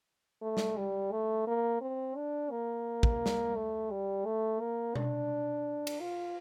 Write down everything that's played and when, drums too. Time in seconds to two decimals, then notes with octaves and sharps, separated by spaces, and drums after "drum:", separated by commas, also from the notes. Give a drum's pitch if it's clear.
0.42 A3
0.57 drum: snare
0.77 G3
1.12 A3
1.47 A#3
1.81 C4
2.16 D4
2.51 A#3
3.03 drum: kick
3.26 drum: snare
3.56 A3
3.91 G3
4.25 A3
4.61 A#3
4.95 D4, drum: tom B2
5.87 drum: cymbal
6.01 F4